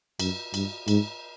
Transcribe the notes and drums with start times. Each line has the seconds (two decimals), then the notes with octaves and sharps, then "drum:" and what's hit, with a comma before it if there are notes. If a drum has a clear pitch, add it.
0.20 F#2, drum: cymbal
0.54 G2, drum: cymbal
0.88 G#2, drum: cymbal